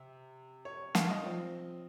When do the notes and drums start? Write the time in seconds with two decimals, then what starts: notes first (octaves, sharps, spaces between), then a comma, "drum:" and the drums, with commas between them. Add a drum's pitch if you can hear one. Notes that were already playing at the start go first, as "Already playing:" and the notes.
Already playing: C3
0.65 C#5
0.95 F5, drum: snare
1.10 D#5
1.24 F3 C4